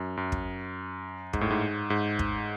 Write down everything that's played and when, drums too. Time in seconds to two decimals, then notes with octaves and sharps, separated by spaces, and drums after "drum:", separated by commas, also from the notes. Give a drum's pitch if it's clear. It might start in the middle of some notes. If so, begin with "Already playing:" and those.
Already playing: F#2
0.17 F#2
0.32 drum: kick
1.33 G#2, drum: kick
1.41 A2
1.50 G#2
1.90 G#2
2.19 drum: kick